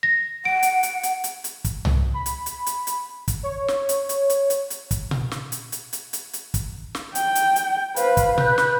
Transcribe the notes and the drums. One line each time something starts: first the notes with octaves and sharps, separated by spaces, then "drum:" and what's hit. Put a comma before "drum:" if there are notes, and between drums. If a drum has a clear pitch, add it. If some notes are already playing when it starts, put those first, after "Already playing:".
A#6
F#5 D7
drum: hi-hat
drum: hi-hat
drum: hi-hat
drum: hi-hat
drum: hi-hat
drum: kick, hi-hat
drum: tom C2
B5
drum: hi-hat
drum: hi-hat
drum: hi-hat
drum: hi-hat
drum: kick, hi-hat
C#5
drum: snare
drum: hi-hat
drum: hi-hat
drum: hi-hat
drum: hi-hat
drum: hi-hat
drum: kick, hi-hat
drum: tom A#2
drum: snare
drum: hi-hat
drum: hi-hat
drum: hi-hat
drum: hi-hat
drum: hi-hat
drum: kick, hi-hat
drum: snare
G5, drum: hi-hat
drum: hi-hat
drum: hi-hat
B4 C5 F5, drum: hi-hat
drum: kick, hi-hat
B4 F#6 G6, drum: tom A#2
drum: snare